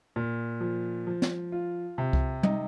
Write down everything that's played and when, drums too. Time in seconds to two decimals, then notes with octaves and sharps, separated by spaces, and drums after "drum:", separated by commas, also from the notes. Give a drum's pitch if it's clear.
0.16 A#2
0.60 F3
1.07 F3
1.22 drum: snare
1.52 F4
1.98 C3
2.13 drum: kick C2
2.43 D#4, drum: tom